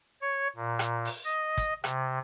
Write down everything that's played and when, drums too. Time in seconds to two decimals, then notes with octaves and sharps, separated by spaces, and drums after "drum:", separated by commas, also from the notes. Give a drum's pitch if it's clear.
0.21 C#5
0.56 A#2
0.79 drum: rim click
1.05 drum: open hi-hat
1.25 D#5
1.58 drum: kick, hi-hat
1.84 C3, drum: rim click